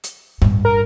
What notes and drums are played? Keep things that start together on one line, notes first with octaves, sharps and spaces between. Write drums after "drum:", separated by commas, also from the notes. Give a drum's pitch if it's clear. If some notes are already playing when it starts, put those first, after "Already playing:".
drum: hi-hat
G2, drum: tom A2
A#4